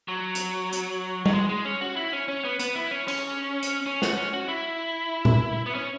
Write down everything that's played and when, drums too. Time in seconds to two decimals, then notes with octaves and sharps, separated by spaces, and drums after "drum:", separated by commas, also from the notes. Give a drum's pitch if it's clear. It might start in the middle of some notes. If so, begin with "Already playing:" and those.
0.08 F#3
0.35 drum: hi-hat
0.73 drum: hi-hat
1.26 F#3, drum: tom G3
1.34 G#3
1.49 G#3
1.65 C#4
1.81 F#4
1.96 E4
2.13 C#4
2.28 C#4
2.45 B3
2.59 B3, drum: hi-hat
2.75 E4
2.91 C#4
3.08 C#4, drum: cymbal
3.63 drum: hi-hat
3.86 C#4
4.02 F#4, drum: snare
4.17 C#4
4.33 F#4
4.48 E4
5.25 drum: tom A#2
5.66 B3
5.75 C#4